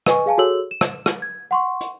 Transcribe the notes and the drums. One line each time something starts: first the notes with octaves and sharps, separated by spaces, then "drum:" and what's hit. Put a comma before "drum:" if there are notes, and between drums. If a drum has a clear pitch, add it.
B4 D#5 G#5 C#6, drum: rim click
G#4 F5 G#5 A5
F#4 G#4 A4 C#5 E6 F#7
E7
drum: rim click
drum: rim click
G#6
F#5 C6 C#6
drum: hi-hat